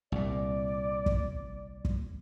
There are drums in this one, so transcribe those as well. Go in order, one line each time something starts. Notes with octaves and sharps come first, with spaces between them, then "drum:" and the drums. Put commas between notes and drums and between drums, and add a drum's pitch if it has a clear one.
C2 A#2 D5
drum: kick
drum: kick